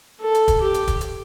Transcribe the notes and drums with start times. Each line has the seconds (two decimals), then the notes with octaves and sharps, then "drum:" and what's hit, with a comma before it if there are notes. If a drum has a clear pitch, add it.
0.21 A4
0.34 drum: hi-hat
0.48 drum: kick, hi-hat
0.61 G4
0.74 drum: hi-hat
0.87 drum: kick, hi-hat
1.01 drum: hi-hat